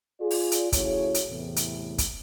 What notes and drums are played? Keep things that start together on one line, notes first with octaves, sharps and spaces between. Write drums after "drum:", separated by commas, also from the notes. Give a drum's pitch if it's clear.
F4 G#4 D5
drum: open hi-hat
drum: hi-hat
C#3 A3 E4 F#4 G#4 C#5, drum: kick, hi-hat
drum: hi-hat
E2 A2 C3
drum: hi-hat
drum: kick, hi-hat